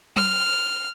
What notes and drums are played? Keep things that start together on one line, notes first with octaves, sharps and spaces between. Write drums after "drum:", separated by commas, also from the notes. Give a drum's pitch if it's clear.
F6, drum: tom F#3